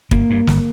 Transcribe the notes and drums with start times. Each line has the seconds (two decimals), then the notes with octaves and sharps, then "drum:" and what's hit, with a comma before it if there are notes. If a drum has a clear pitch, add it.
0.11 G1 A#3, drum: kick
0.30 G2
0.47 G1, drum: snare